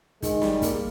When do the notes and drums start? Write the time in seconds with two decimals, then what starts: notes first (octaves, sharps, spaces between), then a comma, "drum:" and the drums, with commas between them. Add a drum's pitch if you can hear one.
0.22 D#3 G#3, drum: kick, hi-hat
0.42 G3, drum: snare
0.62 A#3, drum: kick, hi-hat